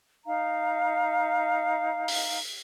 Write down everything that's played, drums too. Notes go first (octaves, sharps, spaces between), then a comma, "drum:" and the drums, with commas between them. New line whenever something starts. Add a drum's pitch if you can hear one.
D#4 F5 A#5
drum: open hi-hat